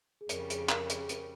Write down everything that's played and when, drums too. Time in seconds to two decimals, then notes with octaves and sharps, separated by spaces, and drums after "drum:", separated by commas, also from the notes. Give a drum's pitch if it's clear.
0.21 G#4
0.29 F2 C#3 G3 A#4, drum: hi-hat
0.50 G#4, drum: hi-hat
0.69 A#4, drum: clap
0.90 G#4, drum: hi-hat
1.09 A#4, drum: hi-hat